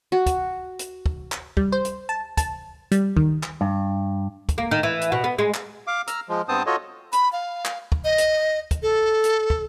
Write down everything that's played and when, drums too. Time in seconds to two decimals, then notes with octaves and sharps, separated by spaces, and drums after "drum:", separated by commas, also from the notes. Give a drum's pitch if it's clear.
0.12 F#4
0.26 drum: kick, hi-hat
0.79 drum: hi-hat
1.06 drum: kick
1.32 drum: clap
1.57 G3, drum: kick
1.72 C5
1.85 drum: hi-hat
2.09 A5
2.37 A5, drum: kick, hi-hat
2.92 G3, drum: hi-hat
3.17 D#3, drum: kick
3.43 drum: clap
3.61 G2
4.49 drum: kick, hi-hat
4.58 A#3
4.71 D#3
4.83 E3
5.01 drum: hi-hat
5.12 B2
5.24 B3
5.39 G#3
5.54 drum: clap
5.87 F5 D6
6.07 A#5 E6 F6, drum: hi-hat
6.29 F3 G#3
6.49 G2 B3 C4 C5 A5 D#6
6.66 F4 F#4 A4 C#5 D#5
7.13 B5, drum: hi-hat
7.33 F5
7.65 drum: clap
7.92 drum: kick
8.04 D#5
8.18 drum: hi-hat
8.71 drum: kick, hi-hat
8.82 A4
9.24 drum: hi-hat
9.50 drum: kick